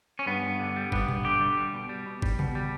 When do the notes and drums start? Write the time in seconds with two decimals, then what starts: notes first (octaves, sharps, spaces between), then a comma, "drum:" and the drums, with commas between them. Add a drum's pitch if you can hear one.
0.19 C#4
0.26 G2 B3
0.43 G2
0.59 D3
0.76 G3
0.92 G2 B3, drum: kick
1.08 G2, drum: tom A#2
1.24 D3 G4
1.41 G3
1.57 G3
1.74 B2
1.89 G3
2.06 B2
2.22 G3, drum: kick
2.39 B2, drum: tom C3
2.55 G3